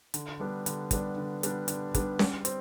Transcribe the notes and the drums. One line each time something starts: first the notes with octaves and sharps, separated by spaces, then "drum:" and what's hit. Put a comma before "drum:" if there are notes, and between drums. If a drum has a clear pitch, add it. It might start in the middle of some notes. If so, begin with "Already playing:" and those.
D3, drum: hi-hat
G3 B3 D4
D3, drum: hi-hat
G3 B3 D4, drum: kick, hi-hat
D3
G3 B3 D4, drum: hi-hat
D3, drum: hi-hat
G3 B3 D4, drum: kick, hi-hat
G3, drum: snare C#4
C4, drum: hi-hat